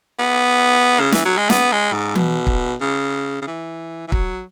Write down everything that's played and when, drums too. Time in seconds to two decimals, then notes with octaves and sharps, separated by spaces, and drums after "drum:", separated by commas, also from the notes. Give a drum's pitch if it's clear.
0.19 B3
1.00 C#3
1.12 E3, drum: snare
1.25 F#3
1.38 G#3
1.50 B3, drum: snare
1.72 G#3
1.93 G#2
2.15 B2, drum: tom E3
2.47 drum: kick
2.81 C#3
3.42 C#3
3.47 E3
4.08 E3
4.12 F#3, drum: kick